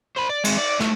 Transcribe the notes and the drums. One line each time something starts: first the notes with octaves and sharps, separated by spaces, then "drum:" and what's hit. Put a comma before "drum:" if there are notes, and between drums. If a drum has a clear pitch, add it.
C5 B5
D5
G#3 C4, drum: cymbal
D5
A3, drum: snare